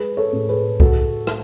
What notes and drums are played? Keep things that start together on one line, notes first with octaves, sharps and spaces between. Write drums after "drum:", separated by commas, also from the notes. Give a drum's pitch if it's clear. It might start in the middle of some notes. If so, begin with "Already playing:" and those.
Already playing: G#3 G#4 B4
A4 C#5
A2
G#4 B4
A3 F#4 A4, drum: kick C2
drum: rim click